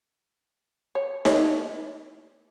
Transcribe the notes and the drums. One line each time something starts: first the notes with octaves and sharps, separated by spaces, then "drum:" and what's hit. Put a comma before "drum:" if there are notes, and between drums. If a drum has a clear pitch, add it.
C#5
D#4 E4 C#5, drum: snare D#4